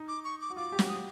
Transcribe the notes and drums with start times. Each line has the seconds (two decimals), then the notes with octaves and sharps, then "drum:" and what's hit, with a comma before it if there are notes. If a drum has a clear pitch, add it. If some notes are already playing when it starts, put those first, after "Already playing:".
Already playing: D#4
0.08 D6
0.24 C#6
0.41 D6
0.50 F#4
0.56 F4 D6
0.72 G4
0.79 F#4, drum: snare
0.89 D#6